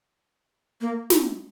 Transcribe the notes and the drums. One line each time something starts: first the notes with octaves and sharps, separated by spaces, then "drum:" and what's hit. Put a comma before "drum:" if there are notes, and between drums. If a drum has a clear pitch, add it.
A#3
drum: snare